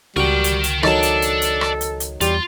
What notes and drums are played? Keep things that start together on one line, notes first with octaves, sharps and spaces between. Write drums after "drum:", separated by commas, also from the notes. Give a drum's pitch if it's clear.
C#2 G3 F#4 A#4 G5
drum: hi-hat
drum: hi-hat
D#3 F#3 A4 D5 A5, drum: rim click
drum: hi-hat
drum: hi-hat
drum: hi-hat
drum: rim click
drum: hi-hat
drum: hi-hat
E2 G3 F4, drum: hi-hat